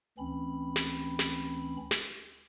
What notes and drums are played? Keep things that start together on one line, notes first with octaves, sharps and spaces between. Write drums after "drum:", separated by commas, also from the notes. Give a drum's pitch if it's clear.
D2 E3 C4 C#4 B5
drum: snare
drum: snare
drum: snare